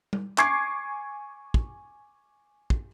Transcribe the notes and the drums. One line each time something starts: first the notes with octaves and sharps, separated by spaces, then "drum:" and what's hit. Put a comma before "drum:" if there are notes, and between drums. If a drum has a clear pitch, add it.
drum: tom G3
G#5 C#6 D6 G#6 C7, drum: clap
drum: kick
drum: kick